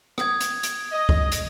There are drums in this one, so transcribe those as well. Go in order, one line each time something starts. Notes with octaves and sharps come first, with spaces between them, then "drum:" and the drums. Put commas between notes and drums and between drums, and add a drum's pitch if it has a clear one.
D#6 G#6, drum: rim click
drum: hi-hat
drum: hi-hat
D#5
drum: kick
drum: hi-hat